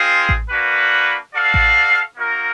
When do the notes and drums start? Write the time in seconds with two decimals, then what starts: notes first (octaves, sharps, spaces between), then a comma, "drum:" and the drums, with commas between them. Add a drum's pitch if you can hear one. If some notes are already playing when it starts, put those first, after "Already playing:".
Already playing: G#3 C4 F4 G#4
0.29 drum: kick A1
0.49 A#3 D4 F#4 B4
1.34 F#4 A4 D5 F5
1.54 drum: kick A1
2.16 A#3 D#4 F#4 A#4